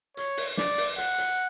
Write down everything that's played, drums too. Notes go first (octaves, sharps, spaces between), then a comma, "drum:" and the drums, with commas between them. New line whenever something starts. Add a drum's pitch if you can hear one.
C#5, drum: hi-hat
drum: open hi-hat
D5, drum: snare
drum: open hi-hat
F#5, drum: hi-hat
drum: hi-hat